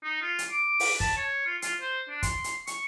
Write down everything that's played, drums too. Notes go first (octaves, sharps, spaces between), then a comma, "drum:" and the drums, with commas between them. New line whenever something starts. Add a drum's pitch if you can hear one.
D#4
F4
drum: hi-hat
D6
drum: open hi-hat
A5, drum: kick
C#5
F4
F4, drum: hi-hat
C5
D4
C6, drum: kick, hi-hat
drum: hi-hat
C#6, drum: hi-hat